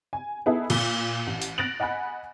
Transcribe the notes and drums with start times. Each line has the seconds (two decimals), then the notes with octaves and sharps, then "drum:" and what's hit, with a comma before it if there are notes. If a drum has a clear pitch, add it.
0.13 G#5
0.46 B3 D#4 E4 G#4 A4
0.70 A#2, drum: cymbal
1.27 A1
1.42 drum: hi-hat
1.58 F#6 A6 A#6 D7 F7 F#7
1.80 D#5 F#5 G#5 B5 F#6